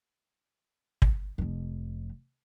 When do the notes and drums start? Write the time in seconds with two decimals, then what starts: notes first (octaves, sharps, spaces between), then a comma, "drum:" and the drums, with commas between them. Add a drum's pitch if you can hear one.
1.02 drum: kick
1.38 F1 F2